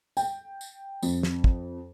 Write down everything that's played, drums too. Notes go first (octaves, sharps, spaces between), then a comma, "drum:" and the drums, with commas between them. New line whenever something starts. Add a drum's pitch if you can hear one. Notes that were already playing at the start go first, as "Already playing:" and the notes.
G5, drum: tambourine
drum: tambourine
F2, drum: tambourine
drum: snare
drum: kick